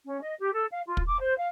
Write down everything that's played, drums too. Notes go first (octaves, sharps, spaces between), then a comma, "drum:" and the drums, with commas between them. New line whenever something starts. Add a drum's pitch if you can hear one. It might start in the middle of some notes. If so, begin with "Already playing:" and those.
C#4
D#5
G4
A4
F5
F4
drum: kick
D6
C5
F5